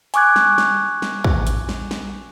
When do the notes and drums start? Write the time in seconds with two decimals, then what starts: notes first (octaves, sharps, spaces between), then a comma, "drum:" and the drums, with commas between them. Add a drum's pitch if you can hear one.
0.14 G#5 C#6 D6 F#6 G#6, drum: hi-hat
0.36 drum: snare
0.58 drum: snare
1.02 drum: snare
1.24 drum: kick
1.47 drum: hi-hat
1.69 drum: snare
1.91 drum: snare